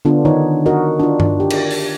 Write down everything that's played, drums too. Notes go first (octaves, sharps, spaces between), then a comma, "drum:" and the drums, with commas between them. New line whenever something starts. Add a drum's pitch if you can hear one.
D3 B3 D4 F4
D#3 D#4 C#5
F#4 A#4 D#5
D4 F4
drum: tom G2
G4
drum: cymbal
drum: open hi-hat